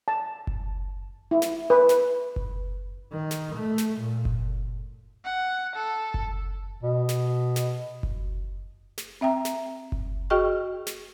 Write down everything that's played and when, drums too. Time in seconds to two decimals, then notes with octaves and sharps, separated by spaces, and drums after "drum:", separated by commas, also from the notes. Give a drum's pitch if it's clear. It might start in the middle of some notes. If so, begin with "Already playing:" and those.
0.08 A5
0.47 drum: kick F#1
1.31 E4
1.42 drum: snare
1.70 B4
1.89 drum: snare
2.36 drum: kick F#1
3.12 D#3
3.31 drum: snare
3.55 A3
3.78 drum: snare
3.99 A#2
4.25 drum: kick F#1
5.25 F#5
5.76 A4
6.14 drum: kick F#1
6.83 B2
7.09 drum: snare
7.56 drum: snare
8.03 drum: kick F#1
8.98 drum: snare
9.21 C4 E5 G5 A#5
9.45 drum: snare
9.92 drum: kick F#1
10.30 F#4 G#4 D#5 G5 C#6 F6
10.87 drum: snare